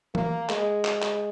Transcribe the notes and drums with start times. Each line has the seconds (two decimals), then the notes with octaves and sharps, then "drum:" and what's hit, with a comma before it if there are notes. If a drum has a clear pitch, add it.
0.15 A#3, drum: tom E3
0.49 G#3, drum: clap
0.85 drum: clap
1.02 drum: clap